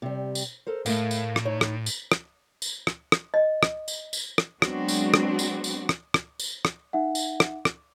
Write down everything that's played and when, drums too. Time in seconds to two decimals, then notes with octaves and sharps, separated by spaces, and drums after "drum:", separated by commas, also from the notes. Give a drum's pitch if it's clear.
0.02 C3 G3
0.35 drum: tambourine
0.67 A4 A#4 C5
0.86 A2 A3 A#4 F5, drum: tambourine
1.11 drum: tambourine
1.36 drum: rim click
1.45 D#4 C#5
1.61 drum: rim click
1.86 drum: tambourine
2.12 drum: rim click
2.62 drum: tambourine
2.87 drum: rim click
3.12 drum: rim click
3.34 D#5
3.63 drum: rim click
3.88 drum: tambourine
4.13 drum: tambourine
4.38 drum: rim click
4.62 F#3 G#3 B3 C4 D4 F#4, drum: rim click
4.88 drum: tambourine
5.14 drum: rim click
5.39 drum: tambourine
5.64 drum: tambourine
5.89 drum: rim click
6.14 drum: rim click
6.39 drum: tambourine
6.65 drum: rim click
6.93 D#4 E5 F#5
7.15 drum: tambourine
7.40 drum: rim click
7.65 drum: rim click